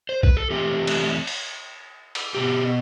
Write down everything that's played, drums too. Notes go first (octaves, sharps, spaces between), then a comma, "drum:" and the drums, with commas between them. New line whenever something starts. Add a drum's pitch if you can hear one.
C5
B4, drum: kick A#1
A4
E3 A3 C4 G4
drum: cymbal
drum: open hi-hat
drum: cymbal
B2 B3 G4